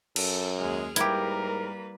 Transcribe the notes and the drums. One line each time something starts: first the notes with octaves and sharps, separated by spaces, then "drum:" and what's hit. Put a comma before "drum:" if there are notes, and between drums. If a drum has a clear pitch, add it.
F#2 A4, drum: cymbal
D#2 G#3 G#4 F6
G#2 G3 A#3 E4 G4 A#4 B4, drum: hi-hat